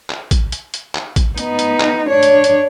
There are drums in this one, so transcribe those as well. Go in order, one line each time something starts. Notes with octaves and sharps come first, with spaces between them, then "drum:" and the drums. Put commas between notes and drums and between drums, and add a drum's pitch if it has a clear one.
drum: clap
drum: kick, hi-hat
drum: hi-hat
drum: hi-hat
drum: clap
drum: kick, hi-hat
B3 D#4, drum: hi-hat
drum: hi-hat
drum: clap
D4 C#5
drum: hi-hat
drum: hi-hat